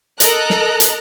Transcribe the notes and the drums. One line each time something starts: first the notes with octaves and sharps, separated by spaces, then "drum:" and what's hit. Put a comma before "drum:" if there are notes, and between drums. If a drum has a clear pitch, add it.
A4 A#4 D#5 A#5 F#6, drum: hi-hat
drum: snare
drum: hi-hat